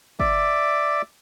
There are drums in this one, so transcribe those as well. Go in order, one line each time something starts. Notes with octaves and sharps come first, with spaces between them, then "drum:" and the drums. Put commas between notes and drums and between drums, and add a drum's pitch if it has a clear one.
D5 E5 D6, drum: kick